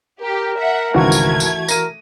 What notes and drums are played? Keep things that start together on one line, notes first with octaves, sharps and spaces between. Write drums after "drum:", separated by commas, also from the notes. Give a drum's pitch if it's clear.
G4 A#4
E5 F#5
G#1 C#2 E3 A3 F#4 C#6 G#6
drum: tambourine
drum: tambourine
A#4 A#6 D#7, drum: tambourine